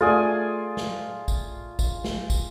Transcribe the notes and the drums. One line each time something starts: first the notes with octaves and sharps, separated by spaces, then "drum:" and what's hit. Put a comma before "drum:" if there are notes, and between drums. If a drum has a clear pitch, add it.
A3 F4 G#4 D5 G#5
drum: snare
drum: kick, tambourine
drum: kick, tambourine
drum: snare
drum: kick, tambourine